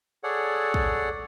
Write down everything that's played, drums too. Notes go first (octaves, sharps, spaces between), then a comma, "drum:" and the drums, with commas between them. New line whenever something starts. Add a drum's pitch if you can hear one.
G#4 A4 C#5 D5 F#5
drum: kick